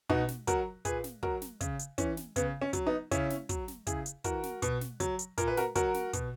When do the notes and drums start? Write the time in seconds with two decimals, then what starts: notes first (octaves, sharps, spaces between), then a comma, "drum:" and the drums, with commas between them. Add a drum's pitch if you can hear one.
0.09 B2 D#4 F#4, drum: kick
0.28 drum: snare
0.47 F#3 F#4 A#4, drum: kick, hi-hat
0.85 A#2 G#4 B4, drum: kick, hi-hat
1.04 drum: snare
1.23 F#3 F#4 A#4, drum: kick
1.42 drum: snare
1.61 C#3, drum: kick, hi-hat
1.79 drum: hi-hat
1.98 E3 C#4, drum: kick, hi-hat
2.17 drum: snare
2.36 C#3 B3, drum: kick, hi-hat
2.62 C#4
2.73 F#3, drum: kick, hi-hat
2.87 B3 D#4
3.11 C#3 C#4 E4, drum: kick, hi-hat
3.30 drum: snare
3.49 F#3, drum: kick, hi-hat
3.68 drum: snare
3.87 C#3 E4 G#4, drum: kick, hi-hat
4.06 drum: hi-hat
4.24 E3 F#4 A#4, drum: kick, hi-hat
4.43 drum: snare
4.62 B2, drum: kick, hi-hat
4.81 drum: snare
5.00 F#3, drum: kick, hi-hat
5.19 drum: hi-hat
5.38 A#2 A#4, drum: kick, hi-hat
5.47 B4
5.57 F#4 A#4, drum: snare
5.75 F#3 F#4 A#4, drum: kick, hi-hat
5.94 drum: snare
6.13 B2, drum: kick, hi-hat